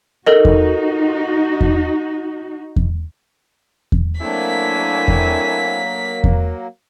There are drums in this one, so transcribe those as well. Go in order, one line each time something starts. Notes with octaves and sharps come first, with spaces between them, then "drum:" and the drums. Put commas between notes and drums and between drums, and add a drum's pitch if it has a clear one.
D#4 F#4 A4 A#4 D#5
drum: kick E2
drum: kick E2
drum: kick E2
drum: kick E2
F#3 A3 A#3 C4 D4 E4 G#5 B6
drum: kick E2
drum: kick E2